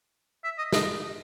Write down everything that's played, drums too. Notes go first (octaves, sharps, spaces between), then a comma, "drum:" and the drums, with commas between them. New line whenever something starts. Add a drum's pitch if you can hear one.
E5
D#5
D#5, drum: snare